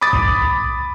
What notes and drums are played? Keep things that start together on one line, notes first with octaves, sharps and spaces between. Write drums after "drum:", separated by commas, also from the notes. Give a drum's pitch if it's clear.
B5 D6 D#6 A6
drum: kick B1